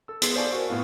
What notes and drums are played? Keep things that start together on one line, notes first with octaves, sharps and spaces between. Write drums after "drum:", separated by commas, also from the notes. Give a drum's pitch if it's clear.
A4 E6
B3 G#4 C6 C7, drum: hi-hat
C5 D5 F5 G#5 A5 C#6
F#4 A#4
A2 B3 F4 F5